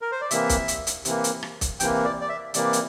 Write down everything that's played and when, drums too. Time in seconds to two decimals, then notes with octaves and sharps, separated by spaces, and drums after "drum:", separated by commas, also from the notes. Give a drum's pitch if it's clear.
0.01 A#4
0.12 C5
0.21 D5
0.31 C3 E3 A#3 E5, drum: hi-hat
0.49 drum: kick, hi-hat
0.68 drum: hi-hat
0.87 drum: hi-hat
1.05 C3 E3 A#3, drum: hi-hat
1.24 drum: hi-hat
1.43 drum: rim click
1.61 drum: kick, hi-hat
1.80 C3 E3 A#3 G5, drum: hi-hat
2.05 D5
2.21 D5
2.29 E5
2.54 C3 E3 A#3 D5, drum: hi-hat
2.73 drum: hi-hat